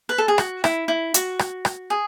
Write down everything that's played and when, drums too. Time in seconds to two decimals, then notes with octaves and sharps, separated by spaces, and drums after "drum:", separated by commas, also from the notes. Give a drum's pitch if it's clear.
0.09 B4
0.18 A4
0.28 G#4
0.38 F#4, drum: rim click
0.64 E4, drum: rim click
0.88 E4
1.14 F#4, drum: hi-hat
1.39 drum: rim click
1.65 drum: rim click
1.90 G#4